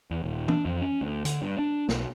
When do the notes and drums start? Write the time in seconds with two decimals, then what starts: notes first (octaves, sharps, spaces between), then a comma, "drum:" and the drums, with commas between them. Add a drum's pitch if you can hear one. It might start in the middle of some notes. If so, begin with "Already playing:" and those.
0.11 E2
0.24 D#1
0.48 D4, drum: tom E3
0.65 F2
0.82 C#4
1.01 D2
1.25 D3, drum: hi-hat
1.42 G2
1.59 D4
1.89 B1, drum: snare